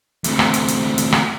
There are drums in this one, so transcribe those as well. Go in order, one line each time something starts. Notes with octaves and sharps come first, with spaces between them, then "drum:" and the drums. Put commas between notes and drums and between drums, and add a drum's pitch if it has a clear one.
D2 C3, drum: hi-hat
drum: rim click
drum: hi-hat
drum: hi-hat
drum: hi-hat
drum: rim click